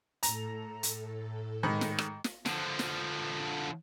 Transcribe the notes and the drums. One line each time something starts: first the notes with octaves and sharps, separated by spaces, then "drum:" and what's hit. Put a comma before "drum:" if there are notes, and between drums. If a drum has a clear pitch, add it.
A2 A4 A#5, drum: hi-hat
drum: hi-hat
G#2 D#3 B5
drum: snare
drum: rim click
drum: snare
D3 F3, drum: snare
drum: snare